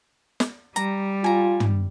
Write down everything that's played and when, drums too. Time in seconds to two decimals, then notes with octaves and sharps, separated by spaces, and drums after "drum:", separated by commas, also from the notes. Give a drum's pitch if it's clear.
0.40 drum: snare
0.76 G3 A#5, drum: hi-hat
1.24 F4 G#5 A#5
1.60 drum: tom